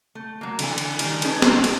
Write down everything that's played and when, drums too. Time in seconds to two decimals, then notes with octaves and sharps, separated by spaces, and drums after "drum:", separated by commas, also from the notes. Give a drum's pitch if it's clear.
0.15 A3
0.41 F#3 A#3
0.59 D3 E3 A4 G#5, drum: cymbal
0.78 drum: cymbal
0.99 D#3 G3 A3, drum: cymbal
1.22 C#4 D#4 G#4 A4 B4 C#5, drum: cymbal
1.42 F#3 A#3 C4, drum: snare
1.64 drum: cymbal